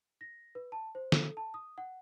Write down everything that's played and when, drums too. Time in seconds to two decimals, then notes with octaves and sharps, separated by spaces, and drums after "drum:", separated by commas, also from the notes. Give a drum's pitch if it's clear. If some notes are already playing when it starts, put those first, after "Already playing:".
0.21 A#6
0.55 B4
0.72 A5
0.95 C5
1.12 A4, drum: snare
1.37 A5
1.54 D#6
1.78 F#5